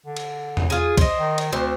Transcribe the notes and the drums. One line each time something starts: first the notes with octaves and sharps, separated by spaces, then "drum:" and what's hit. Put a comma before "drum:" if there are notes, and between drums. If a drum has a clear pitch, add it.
D3
drum: cymbal
drum: tom E2
F4 G#4
C5 D#5, drum: kick C2, cymbal
D#3
drum: cymbal
D2 C4